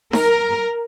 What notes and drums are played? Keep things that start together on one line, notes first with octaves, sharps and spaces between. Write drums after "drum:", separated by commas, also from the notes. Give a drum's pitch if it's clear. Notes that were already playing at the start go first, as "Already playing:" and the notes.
A#4, drum: snare D#4